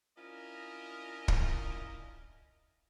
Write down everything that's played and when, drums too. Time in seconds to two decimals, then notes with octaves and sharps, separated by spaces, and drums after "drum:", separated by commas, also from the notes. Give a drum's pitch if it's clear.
0.18 C#4 D4 E4 F4 A#4 D#5
1.28 drum: kick